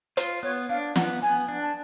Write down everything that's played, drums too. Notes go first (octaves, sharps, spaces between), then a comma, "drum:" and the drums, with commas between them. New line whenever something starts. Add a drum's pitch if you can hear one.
F4, drum: hi-hat
B3 C#5
D4 F5
B3 F#5, drum: snare
B3 G#5
D4
A5